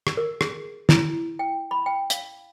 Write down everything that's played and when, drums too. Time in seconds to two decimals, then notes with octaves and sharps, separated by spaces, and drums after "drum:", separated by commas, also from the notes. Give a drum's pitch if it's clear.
0.07 drum: rim click
0.17 A#4
0.41 G#4, drum: rim click
0.89 E4, drum: snare
1.39 G5
1.71 B5
1.86 G5
2.10 F5, drum: hi-hat